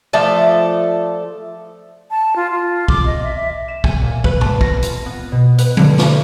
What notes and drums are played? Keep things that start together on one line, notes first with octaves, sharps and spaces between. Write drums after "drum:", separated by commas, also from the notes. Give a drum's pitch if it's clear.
F3 A3 A4 D5
A5
F4
F4
D6, drum: kick
D#5
E5
E5
E7
G#5, drum: kick
A#2
B4, drum: kick
A5, drum: tom G#2
A#6, drum: kick
F4, drum: hi-hat
B3
B2
B4, drum: hi-hat
D3, drum: tom
D5, drum: snare